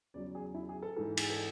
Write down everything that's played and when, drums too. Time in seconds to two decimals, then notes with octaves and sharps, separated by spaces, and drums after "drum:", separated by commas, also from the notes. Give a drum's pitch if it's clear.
0.14 E2 C#3 F#3 D5
0.35 G#4
0.54 E4
0.69 G#4
0.82 A4
0.96 G#2 E3 A4
1.17 G#4, drum: cymbal
1.30 A4